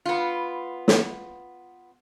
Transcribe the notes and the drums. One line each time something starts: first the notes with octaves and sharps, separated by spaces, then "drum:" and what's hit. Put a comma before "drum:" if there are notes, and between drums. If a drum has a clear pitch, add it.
B3 F4
drum: snare